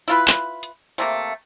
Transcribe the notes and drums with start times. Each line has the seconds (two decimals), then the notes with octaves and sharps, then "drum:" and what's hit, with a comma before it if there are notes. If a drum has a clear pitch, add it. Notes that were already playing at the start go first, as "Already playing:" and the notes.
0.08 E4 F4 B4
0.28 drum: clap
0.63 drum: hi-hat
0.98 C3 A3 A#3, drum: hi-hat